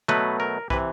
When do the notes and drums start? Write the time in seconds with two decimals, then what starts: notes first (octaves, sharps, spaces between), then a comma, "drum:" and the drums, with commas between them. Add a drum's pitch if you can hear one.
0.08 B2 F#3 A3 B4, drum: tom
0.40 A#4
0.70 C3 E3 B4, drum: kick